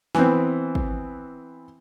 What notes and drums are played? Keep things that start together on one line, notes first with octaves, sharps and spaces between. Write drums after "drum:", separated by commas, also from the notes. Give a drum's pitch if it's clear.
E3 B3 C4, drum: snare
drum: kick